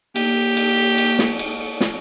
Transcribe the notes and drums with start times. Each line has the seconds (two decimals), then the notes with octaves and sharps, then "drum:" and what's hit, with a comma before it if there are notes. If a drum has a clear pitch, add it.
0.16 A#3 G4, drum: cymbal
0.57 drum: cymbal
0.98 drum: cymbal
1.19 drum: snare
1.39 drum: cymbal
1.81 drum: snare